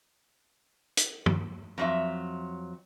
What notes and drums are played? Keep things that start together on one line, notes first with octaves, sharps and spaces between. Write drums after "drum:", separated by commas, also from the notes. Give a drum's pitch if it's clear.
drum: hi-hat
drum: tom
F2 F#3 E5